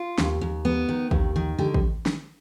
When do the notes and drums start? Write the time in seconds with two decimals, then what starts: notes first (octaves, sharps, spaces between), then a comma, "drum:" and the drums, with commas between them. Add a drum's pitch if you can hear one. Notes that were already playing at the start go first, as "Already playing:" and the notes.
Already playing: F4
0.18 D#2, drum: snare
0.41 D#2
0.65 B3
0.89 D#3
1.11 D#2, drum: kick A1
1.36 D#3
1.59 D3 G4
1.74 drum: kick A1
2.06 drum: snare